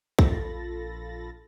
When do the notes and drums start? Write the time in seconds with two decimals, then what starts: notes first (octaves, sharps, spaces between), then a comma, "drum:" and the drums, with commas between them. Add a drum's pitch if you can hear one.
0.19 A#1 F4 A4 B5 A6 A#6, drum: kick